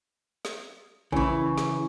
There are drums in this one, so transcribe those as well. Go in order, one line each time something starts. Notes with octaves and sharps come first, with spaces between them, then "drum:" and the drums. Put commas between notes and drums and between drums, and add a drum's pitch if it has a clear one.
drum: snare
C#3 E3 C#4 E4 C#5, drum: kick G#1
drum: snare